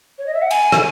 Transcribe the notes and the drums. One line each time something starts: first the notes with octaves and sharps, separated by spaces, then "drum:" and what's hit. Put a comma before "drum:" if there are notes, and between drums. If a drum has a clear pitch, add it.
C#5
D#5
E5
F#5
G#5, drum: cymbal
drum: rim click